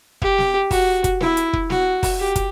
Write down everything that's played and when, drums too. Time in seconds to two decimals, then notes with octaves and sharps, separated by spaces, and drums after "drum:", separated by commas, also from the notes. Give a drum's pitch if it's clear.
0.22 G4, drum: kick
0.38 drum: snare
0.71 F#4, drum: kick, open hi-hat
1.04 drum: kick, hi-hat
1.20 E4, drum: snare
1.37 drum: hi-hat
1.53 drum: kick
1.70 F#4, drum: snare
2.03 drum: kick, open hi-hat
2.20 G4
2.36 drum: kick, hi-hat